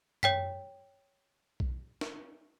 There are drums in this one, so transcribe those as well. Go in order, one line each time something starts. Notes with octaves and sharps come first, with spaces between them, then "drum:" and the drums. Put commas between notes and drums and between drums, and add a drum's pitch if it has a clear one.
C#5 G5 B6, drum: tom F#2
drum: kick B1
drum: snare